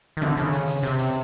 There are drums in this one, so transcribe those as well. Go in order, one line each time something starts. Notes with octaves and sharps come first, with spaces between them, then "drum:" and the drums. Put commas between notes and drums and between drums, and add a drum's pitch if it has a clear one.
D#3
D3, drum: tom D#3
C#3, drum: hi-hat
drum: hi-hat
drum: hi-hat
C3, drum: hi-hat
drum: hi-hat